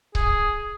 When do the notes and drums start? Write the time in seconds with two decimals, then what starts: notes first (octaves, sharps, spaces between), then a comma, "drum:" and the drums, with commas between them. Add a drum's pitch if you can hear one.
0.15 G#4, drum: kick C#1